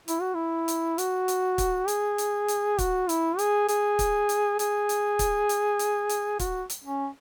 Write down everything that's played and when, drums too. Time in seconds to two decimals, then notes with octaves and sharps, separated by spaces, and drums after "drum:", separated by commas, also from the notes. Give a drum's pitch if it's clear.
0.08 E4, drum: hi-hat
0.21 F#4
0.34 E4
0.68 drum: hi-hat
0.98 F#4, drum: hi-hat
1.28 drum: hi-hat
1.58 drum: kick, hi-hat
1.88 G#4, drum: hi-hat
2.18 drum: hi-hat
2.48 drum: hi-hat
2.78 F#4, drum: kick, hi-hat
3.09 E4, drum: hi-hat
3.39 G#4, drum: hi-hat
3.68 G#4, drum: hi-hat
3.99 drum: kick, hi-hat
4.29 drum: hi-hat
4.59 G#4, drum: hi-hat
4.89 drum: hi-hat
5.19 drum: kick, hi-hat
5.49 drum: hi-hat
5.79 drum: hi-hat
6.09 drum: hi-hat
6.39 F#4, drum: kick, hi-hat
6.70 drum: hi-hat
6.84 C#4